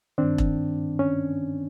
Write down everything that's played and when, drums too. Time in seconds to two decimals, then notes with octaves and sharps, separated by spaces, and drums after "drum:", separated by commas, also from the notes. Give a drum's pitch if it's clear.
0.18 G2 D#3 C4 D4
0.38 drum: kick E1
0.99 C#4